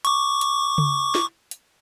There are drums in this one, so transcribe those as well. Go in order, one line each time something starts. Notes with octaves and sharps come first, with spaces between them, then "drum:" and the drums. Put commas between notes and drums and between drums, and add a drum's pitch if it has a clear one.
C#6 D6, drum: hi-hat
drum: hi-hat
drum: tom C#3
drum: snare
drum: hi-hat